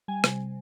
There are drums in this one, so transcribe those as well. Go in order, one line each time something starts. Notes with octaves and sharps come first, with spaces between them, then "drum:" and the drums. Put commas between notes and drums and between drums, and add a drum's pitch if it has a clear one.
G3 G#5
C3, drum: rim click